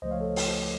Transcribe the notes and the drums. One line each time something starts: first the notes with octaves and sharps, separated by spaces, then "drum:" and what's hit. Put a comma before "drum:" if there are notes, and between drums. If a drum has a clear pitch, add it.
C#2 C#3 F3 A3 C5 D#5
C#5 F5
A4
drum: open hi-hat